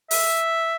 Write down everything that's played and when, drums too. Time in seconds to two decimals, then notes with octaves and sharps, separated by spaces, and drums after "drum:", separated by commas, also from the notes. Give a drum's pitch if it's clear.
0.11 E5, drum: open hi-hat